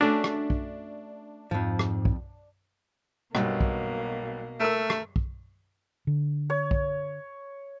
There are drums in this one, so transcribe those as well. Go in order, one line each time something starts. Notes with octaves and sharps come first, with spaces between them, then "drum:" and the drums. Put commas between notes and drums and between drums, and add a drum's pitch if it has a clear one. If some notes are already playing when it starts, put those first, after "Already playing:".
A3 C#4 D4 F#4
drum: rim click
drum: kick
F2 G#2 F3
drum: rim click
drum: kick
B1 G2 B2 A#3, drum: rim click
drum: kick
A3 A#4 E6
drum: rim click
drum: kick
D3
C#5
drum: kick